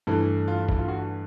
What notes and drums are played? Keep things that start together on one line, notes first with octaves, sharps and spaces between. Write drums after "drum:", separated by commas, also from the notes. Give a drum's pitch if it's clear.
G2 E3 A3 E4
F4
E4, drum: kick G1
F4
F#4